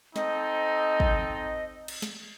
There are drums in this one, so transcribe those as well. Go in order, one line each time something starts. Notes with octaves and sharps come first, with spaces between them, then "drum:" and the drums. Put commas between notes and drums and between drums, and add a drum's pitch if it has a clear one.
C4 D#4 A4 D#5, drum: snare
drum: kick
drum: cymbal
drum: snare